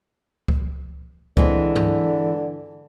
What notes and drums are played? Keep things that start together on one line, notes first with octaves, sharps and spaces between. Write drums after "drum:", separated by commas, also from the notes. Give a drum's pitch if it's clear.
drum: kick C#2
D3 E3 G#3 C4, drum: kick C#2
drum: tom G2